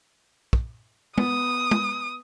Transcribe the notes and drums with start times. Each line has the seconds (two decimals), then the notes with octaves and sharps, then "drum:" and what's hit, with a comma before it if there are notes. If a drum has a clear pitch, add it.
0.53 drum: kick
1.18 B3 D#6, drum: tom G#3
1.71 drum: tom G#3